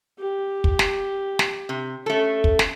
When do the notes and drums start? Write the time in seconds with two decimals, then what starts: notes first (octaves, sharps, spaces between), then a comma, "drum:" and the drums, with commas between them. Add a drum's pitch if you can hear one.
0.19 G4
0.64 drum: kick
0.79 drum: snare
1.39 drum: snare
1.69 C3
2.06 A3 C#4 A4
2.44 drum: kick
2.59 drum: snare